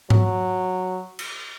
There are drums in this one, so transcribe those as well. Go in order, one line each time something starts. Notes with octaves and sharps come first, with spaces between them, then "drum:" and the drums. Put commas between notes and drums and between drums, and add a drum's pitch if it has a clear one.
F#3, drum: tom G#2
drum: cymbal